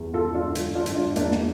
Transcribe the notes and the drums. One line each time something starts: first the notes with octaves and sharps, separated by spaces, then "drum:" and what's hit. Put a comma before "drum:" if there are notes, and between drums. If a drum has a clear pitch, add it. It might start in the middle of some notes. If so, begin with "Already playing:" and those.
Already playing: E2
F4 A4
E1
D4 F4
D3, drum: hi-hat
D4 F4
E1, drum: hi-hat
D4 F4
E2 A#3 D4, drum: hi-hat
drum: snare